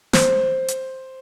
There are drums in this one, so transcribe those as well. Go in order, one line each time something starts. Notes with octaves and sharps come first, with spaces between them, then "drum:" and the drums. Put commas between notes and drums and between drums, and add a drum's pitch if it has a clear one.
C5, drum: snare
drum: hi-hat